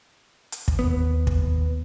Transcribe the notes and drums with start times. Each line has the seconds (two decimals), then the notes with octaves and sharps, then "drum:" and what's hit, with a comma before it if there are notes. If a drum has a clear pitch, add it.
0.52 drum: hi-hat
0.68 drum: kick
0.79 D#2 B3
1.27 drum: kick